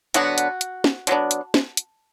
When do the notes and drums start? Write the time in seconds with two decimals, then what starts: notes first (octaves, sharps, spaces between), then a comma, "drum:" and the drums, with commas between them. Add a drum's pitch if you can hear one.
0.14 D3 F#3 B3 D4 F#4, drum: hi-hat
0.38 drum: hi-hat
0.61 drum: hi-hat
0.84 drum: snare
1.07 D3 F#3 B3 D4, drum: hi-hat
1.31 drum: hi-hat
1.54 drum: snare
1.77 drum: hi-hat